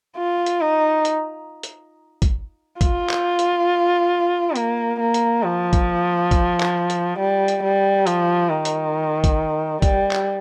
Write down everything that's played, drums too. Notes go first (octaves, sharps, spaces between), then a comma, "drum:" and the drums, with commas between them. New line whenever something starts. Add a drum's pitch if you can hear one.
F4
drum: hi-hat
D#4
drum: hi-hat
drum: hi-hat
drum: kick, hi-hat
F4, drum: kick, hi-hat
drum: clap
drum: hi-hat
A#3, drum: hi-hat
A#3
drum: hi-hat
F3
drum: kick, hi-hat
drum: kick, hi-hat
drum: clap
drum: hi-hat
G3
drum: hi-hat
G3
F3, drum: hi-hat
D#3
drum: hi-hat
drum: kick, hi-hat
G3, drum: kick, hi-hat
drum: clap